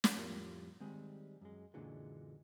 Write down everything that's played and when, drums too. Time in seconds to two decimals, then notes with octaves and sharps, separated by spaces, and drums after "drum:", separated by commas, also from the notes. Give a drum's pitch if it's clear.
0.04 drum: snare
0.15 F2 A2 G3 F4 A#4
0.81 D#3 G3 G#3 C4
1.41 F#2 G#3
1.74 F#2 A#2 D3 E3 F#3 G#3